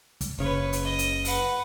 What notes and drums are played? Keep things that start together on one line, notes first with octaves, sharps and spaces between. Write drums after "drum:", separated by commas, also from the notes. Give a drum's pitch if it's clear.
drum: kick, hi-hat
F#1 C#3 B4 C#5
drum: hi-hat
D#5
drum: hi-hat
B4 F#5, drum: open hi-hat